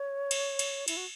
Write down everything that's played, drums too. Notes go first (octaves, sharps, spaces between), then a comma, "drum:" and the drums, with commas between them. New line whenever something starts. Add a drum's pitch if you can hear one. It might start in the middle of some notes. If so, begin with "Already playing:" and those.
Already playing: C#5
drum: cymbal
drum: cymbal
E4, drum: cymbal
F#4